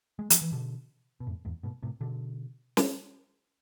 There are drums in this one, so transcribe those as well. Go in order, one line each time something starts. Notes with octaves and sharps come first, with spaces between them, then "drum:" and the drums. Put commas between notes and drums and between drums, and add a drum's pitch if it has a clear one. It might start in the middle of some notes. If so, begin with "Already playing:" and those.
G#3
F3, drum: hi-hat
E3
B2 D3
B2
F2 A2
E2 G#2
G#2 B2
A2 C3
B2 D3
drum: snare